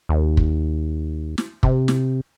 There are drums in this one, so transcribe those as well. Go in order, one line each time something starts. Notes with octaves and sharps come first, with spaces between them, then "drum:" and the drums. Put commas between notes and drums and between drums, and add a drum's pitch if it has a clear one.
D#2
drum: kick
drum: snare
C3, drum: kick
drum: snare